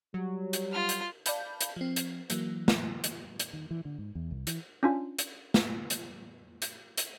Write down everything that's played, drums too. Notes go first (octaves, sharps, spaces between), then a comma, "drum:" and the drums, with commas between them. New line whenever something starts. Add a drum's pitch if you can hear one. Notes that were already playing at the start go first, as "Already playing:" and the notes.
F#3 G3
drum: hi-hat
F4 F6
drum: hi-hat
D5 F5 A5 B5 G6, drum: hi-hat
drum: hi-hat
F3 C4
drum: hi-hat
E3 F#3 A#3, drum: hi-hat
drum: snare
drum: hi-hat
drum: hi-hat
D#3
E3
D3
G#2
E2
C2
E3, drum: hi-hat
C#4 D4 F4
drum: hi-hat
drum: snare
drum: hi-hat
drum: hi-hat
drum: hi-hat